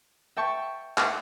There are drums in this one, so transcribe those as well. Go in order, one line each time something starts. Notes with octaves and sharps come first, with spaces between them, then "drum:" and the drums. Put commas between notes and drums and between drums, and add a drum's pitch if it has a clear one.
E5 G5 A5 C#6
drum: clap